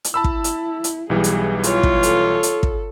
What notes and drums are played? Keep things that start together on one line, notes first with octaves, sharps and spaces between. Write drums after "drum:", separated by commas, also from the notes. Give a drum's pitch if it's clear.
drum: hi-hat
E4 A5 B5 E6
drum: kick
drum: hi-hat
drum: hi-hat
B1 E3 G3 G#4
drum: hi-hat
F4 C#5, drum: hi-hat
drum: kick
A4, drum: hi-hat
drum: hi-hat
drum: kick